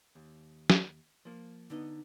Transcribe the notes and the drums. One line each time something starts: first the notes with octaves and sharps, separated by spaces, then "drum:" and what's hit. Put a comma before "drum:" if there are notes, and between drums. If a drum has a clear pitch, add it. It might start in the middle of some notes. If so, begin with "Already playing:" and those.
D#2
drum: snare
F3 A#3
D3 B3 D#4 D#5